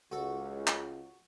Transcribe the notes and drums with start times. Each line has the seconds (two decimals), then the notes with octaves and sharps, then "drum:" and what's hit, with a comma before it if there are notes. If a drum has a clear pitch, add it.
0.12 C#2 F#4 A4
0.67 drum: clap